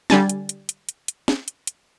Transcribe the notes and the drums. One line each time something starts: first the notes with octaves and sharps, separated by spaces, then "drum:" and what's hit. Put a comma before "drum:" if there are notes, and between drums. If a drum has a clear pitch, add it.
D3 G3 G#5 A6, drum: snare
drum: hi-hat
drum: hi-hat
drum: hi-hat
drum: hi-hat
drum: hi-hat
drum: snare
drum: hi-hat
drum: hi-hat